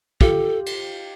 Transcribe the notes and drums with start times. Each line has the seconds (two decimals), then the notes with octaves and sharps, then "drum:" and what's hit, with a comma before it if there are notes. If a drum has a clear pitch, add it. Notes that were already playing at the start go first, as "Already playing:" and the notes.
0.21 F4 G4 A4, drum: kick
0.66 drum: cymbal